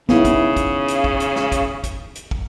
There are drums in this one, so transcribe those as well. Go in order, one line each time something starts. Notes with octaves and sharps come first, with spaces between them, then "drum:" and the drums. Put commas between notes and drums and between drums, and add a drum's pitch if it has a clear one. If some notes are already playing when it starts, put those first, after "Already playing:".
C#3 B3 D#4 E4, drum: snare
drum: kick, hi-hat
drum: kick, hi-hat
drum: hi-hat
drum: kick
drum: hi-hat
drum: snare
drum: kick, hi-hat
drum: kick, hi-hat
drum: hi-hat
drum: kick